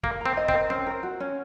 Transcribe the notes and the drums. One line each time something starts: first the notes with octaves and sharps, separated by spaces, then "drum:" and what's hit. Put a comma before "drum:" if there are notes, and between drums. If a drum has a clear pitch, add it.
A#3 A#4, drum: kick
C4 A#5
D#5
C4, drum: kick
A#4
C4 C#4
A#4
F#4
C#4